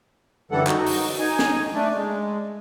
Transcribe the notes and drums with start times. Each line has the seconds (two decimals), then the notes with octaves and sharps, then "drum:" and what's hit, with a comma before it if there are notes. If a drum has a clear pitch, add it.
0.52 F#2 D3 E3 G3 A4 F#5
0.67 D#4 F#4, drum: clap
0.86 drum: open hi-hat
1.19 D#4 G#5
1.39 drum: snare C#4
1.74 A3 D4
1.95 G#3